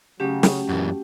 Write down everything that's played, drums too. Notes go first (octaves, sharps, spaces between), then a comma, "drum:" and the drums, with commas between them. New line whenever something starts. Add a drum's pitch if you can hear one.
C#3 F#3 A3 C#4 F#4 G4
drum: snare
F#2 A#2 E3